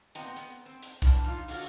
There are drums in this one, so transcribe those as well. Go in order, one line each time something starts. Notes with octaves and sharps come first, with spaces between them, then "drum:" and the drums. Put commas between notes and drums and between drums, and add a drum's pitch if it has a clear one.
A#2 B3 C4 D#5 G5 A#5, drum: hi-hat
B3, drum: hi-hat
C4
drum: hi-hat
G#2 E3 G3 D4, drum: kick B1, hi-hat
D#4 F4
D3 F4 F#4, drum: open hi-hat